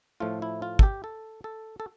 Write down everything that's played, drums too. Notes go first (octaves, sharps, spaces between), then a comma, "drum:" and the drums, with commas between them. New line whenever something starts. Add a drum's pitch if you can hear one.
A2 F3 A3 F4
E4
F4
A4, drum: kick
G4
A4
A4
A4